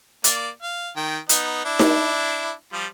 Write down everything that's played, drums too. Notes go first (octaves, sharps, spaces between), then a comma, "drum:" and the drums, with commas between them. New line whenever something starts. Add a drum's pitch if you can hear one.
A#3 D5, drum: hi-hat
F5
D#3 G5
B3 D#4, drum: hi-hat
D4 E4
drum: snare D#4
F3 G3 F4